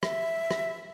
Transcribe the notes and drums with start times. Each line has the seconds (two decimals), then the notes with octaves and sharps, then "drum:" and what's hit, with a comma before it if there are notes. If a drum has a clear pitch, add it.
0.03 E5, drum: rim click
0.51 drum: rim click